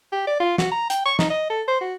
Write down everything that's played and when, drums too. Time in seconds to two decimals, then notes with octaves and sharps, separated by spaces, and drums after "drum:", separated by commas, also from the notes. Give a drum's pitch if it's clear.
0.12 G4
0.27 D5
0.40 F4
0.58 F#4, drum: snare
0.72 A#5
0.90 G5, drum: hi-hat
1.05 C#6
1.19 D#4, drum: snare
1.30 D#5
1.50 A4
1.68 C5
1.81 F#4